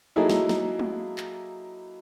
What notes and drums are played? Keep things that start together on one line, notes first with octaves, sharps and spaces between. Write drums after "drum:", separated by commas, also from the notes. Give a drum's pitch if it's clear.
F#3 A#3 D#4 E4 G#4 A4
drum: snare
drum: snare
drum: tom G#3
drum: clap